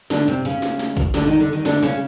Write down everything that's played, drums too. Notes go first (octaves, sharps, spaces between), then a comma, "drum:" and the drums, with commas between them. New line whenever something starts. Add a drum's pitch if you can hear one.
D3 D4, drum: snare
C3 C4, drum: hi-hat
C#3 C#4, drum: hi-hat
drum: snare
drum: snare
drum: kick, hi-hat
D3 D4, drum: snare
D#3 D#4
D3 D4
D#3 D#4
D3 D4, drum: snare
C#3 C#4, drum: snare